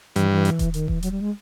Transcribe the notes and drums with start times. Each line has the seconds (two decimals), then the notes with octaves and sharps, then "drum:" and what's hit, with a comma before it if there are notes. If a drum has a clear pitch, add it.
0.16 G2 E3, drum: hi-hat
0.31 E3
0.45 drum: hi-hat
0.59 drum: kick D#1, hi-hat
0.74 D#3, drum: hi-hat
0.88 E3, drum: kick D#1
1.02 F#3, drum: hi-hat
1.11 G3
1.21 G#3